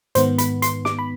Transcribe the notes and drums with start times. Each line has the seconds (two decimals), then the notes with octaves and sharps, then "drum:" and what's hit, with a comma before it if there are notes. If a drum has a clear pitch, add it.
0.15 G#2 D#3 B3 C5, drum: hi-hat
0.38 B5, drum: hi-hat
0.62 C6, drum: hi-hat
0.85 D6, drum: snare
0.99 B5